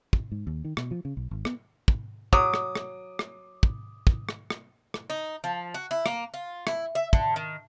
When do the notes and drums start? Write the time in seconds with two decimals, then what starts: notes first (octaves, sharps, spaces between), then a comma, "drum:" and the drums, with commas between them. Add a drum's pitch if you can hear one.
0.13 drum: kick
0.32 G#2
0.47 D#2
0.65 D#3
0.77 B2, drum: rim click
0.91 F3
1.05 C#3
1.17 B1
1.31 G#1
1.45 B3, drum: rim click
1.88 drum: kick
2.33 F#3 D6 D#6, drum: kick
2.54 drum: rim click
2.75 drum: rim click
3.19 drum: rim click
3.63 drum: kick
4.07 drum: kick
4.29 drum: rim click
4.50 drum: rim click
4.94 drum: rim click
5.10 D#4
5.44 F3
5.74 F#4
5.91 E4
6.06 A#3, drum: rim click
6.34 F4
6.67 E4, drum: rim click
6.95 E5
7.13 D3, drum: kick
7.36 D#3